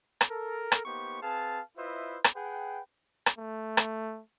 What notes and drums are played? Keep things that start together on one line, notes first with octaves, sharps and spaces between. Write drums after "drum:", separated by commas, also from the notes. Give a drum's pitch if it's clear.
drum: rim click
A4 A#4
drum: rim click
A#3 B3 D#4 G4 C5 C#6
C4 G#4 B4 F5 A5
E4 F4 B4 C5 D#5 E5
drum: rim click
G#4 B4 F#5 G5
drum: rim click
A3
drum: rim click